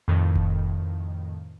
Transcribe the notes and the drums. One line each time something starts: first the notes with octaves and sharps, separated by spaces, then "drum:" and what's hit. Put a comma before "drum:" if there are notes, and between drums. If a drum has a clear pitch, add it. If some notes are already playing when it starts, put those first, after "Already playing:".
F2 A2 D#3
drum: kick F1